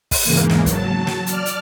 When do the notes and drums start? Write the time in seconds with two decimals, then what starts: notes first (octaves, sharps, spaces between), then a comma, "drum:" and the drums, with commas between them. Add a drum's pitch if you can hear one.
0.11 drum: kick, open hi-hat
0.24 E2 G#2 C#3 E3 A#3
0.50 drum: snare
0.66 F#3 A5, drum: kick, hi-hat
1.07 drum: snare
1.26 D5 F6, drum: hi-hat
1.46 drum: hi-hat